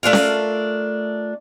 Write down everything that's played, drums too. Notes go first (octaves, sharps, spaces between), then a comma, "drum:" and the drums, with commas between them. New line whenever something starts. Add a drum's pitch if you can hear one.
A3 D4 F4 A#4
drum: snare C#4